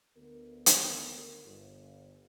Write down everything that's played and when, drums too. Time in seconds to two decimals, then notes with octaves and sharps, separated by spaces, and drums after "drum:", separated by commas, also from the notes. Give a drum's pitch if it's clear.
0.17 D2 B3 A#4
0.66 drum: hi-hat
1.44 G1